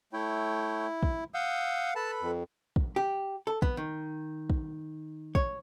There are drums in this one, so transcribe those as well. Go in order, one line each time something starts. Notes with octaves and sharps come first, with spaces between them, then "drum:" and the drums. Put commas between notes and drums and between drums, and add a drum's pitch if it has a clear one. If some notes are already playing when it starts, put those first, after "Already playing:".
A3 E4 C#5 G5
drum: kick
F5 F#5 D#6 E6 G6
A4 B4 A5 B5
F2
drum: kick
G4
A4
B3, drum: kick
D#3
drum: kick
C#5, drum: kick